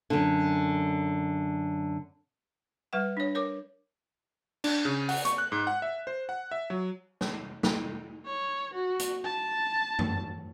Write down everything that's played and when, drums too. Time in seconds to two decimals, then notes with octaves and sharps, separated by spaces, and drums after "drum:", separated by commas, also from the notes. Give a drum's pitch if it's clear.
0.10 F#2 D3
2.93 G3 B4 F#5
3.17 D4 C#5
3.35 A#4 C#5 D6
4.64 D4, drum: cymbal
4.85 C#3
5.09 F#5, drum: open hi-hat
5.25 C#6, drum: hi-hat
5.38 F#6
5.52 G#2
5.67 F#5
5.82 E5
6.07 C5
6.29 F#5
6.51 E5
6.70 F#3
7.21 drum: snare
7.63 drum: snare
8.26 C#5
8.73 F#4
8.99 drum: hi-hat
9.25 A5
9.99 drum: tom